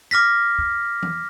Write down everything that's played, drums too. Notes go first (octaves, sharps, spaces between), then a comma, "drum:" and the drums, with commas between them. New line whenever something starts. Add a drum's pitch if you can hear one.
D6 F6 A#6 B6
drum: kick C2
drum: tom E3